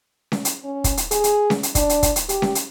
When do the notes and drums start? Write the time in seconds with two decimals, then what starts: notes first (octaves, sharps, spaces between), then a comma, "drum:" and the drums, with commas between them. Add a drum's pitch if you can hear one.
0.32 drum: snare C#4
0.45 drum: hi-hat
0.64 C#4
0.84 drum: kick, hi-hat
0.97 drum: hi-hat
1.11 G#4, drum: hi-hat
1.24 drum: hi-hat
1.50 drum: snare C#4
1.63 drum: hi-hat
1.75 D4, drum: kick, hi-hat
1.89 drum: hi-hat
2.03 drum: kick, hi-hat
2.16 drum: hi-hat
2.29 G4, drum: hi-hat
2.42 drum: snare C#4
2.55 drum: hi-hat